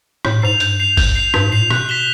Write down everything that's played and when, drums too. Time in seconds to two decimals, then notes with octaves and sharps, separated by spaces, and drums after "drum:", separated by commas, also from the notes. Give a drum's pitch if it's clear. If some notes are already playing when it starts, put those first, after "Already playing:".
0.25 A2 G6, drum: rim click
0.42 G#2 C7 F7
0.60 G2 G6, drum: hi-hat
0.80 C7 F7
0.97 G6, drum: kick G#1, open hi-hat
1.15 C7 F7
1.34 G2 G6, drum: rim click
1.43 G#2
1.52 A2 C7 F7
1.61 A#2
1.70 B2 F#6, drum: rim click
1.89 B6 E7 G7